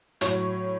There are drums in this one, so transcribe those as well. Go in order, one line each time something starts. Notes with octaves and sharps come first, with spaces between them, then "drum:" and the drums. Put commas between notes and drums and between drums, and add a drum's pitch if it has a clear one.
A2 F#3 C#5, drum: hi-hat